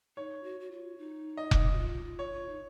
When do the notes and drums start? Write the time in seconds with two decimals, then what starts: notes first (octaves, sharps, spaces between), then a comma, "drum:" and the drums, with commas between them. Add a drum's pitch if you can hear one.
0.17 D#4 C#5
0.43 F#4
0.60 F#4
0.71 F4
0.98 D#4
1.37 D#5
1.51 drum: kick F1
1.73 F#4
1.78 F4
2.05 F4
2.19 C#5
2.32 F4
2.49 D#4